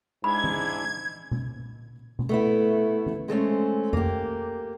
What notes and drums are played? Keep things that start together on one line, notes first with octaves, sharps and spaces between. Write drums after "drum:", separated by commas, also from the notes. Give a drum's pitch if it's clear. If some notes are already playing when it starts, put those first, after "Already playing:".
G#2 G#3 D4 E4 B5 G#6
drum: tom E3
drum: tom B2
drum: tom B2
A3 B3 E4
drum: tom E3
G#3 A3 C4 C#4
A#3 G4, drum: tom F2